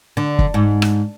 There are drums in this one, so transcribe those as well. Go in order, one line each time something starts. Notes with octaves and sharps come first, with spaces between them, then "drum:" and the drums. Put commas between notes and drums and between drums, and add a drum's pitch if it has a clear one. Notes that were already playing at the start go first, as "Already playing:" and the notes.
D3
drum: kick
G#2
drum: rim click